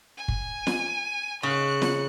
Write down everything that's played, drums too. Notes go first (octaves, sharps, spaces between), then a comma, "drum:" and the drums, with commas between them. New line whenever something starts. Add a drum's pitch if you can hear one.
G#5
drum: kick
drum: snare
C#3 F#6 C#7
drum: snare